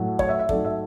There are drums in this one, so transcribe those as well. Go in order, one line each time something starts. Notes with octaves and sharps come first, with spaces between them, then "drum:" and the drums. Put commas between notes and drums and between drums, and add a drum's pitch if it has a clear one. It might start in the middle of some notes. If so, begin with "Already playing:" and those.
Already playing: A2 F#3 A3
C#5, drum: kick
E5
E5
G#2 F#3 A3 D5, drum: kick
E5